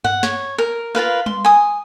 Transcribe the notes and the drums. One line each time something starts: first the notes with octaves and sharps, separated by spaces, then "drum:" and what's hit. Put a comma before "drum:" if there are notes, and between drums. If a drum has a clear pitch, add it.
F#5, drum: tom G2
C#5, drum: snare
A#4
F4 A#4 B4 F5
C6, drum: tom G3
G#5 D#6